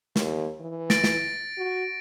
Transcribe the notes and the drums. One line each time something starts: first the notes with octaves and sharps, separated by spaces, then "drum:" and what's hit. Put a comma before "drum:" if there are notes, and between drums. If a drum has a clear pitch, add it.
D#2, drum: snare
E3
A6 A#6 D7, drum: snare
drum: snare
F#4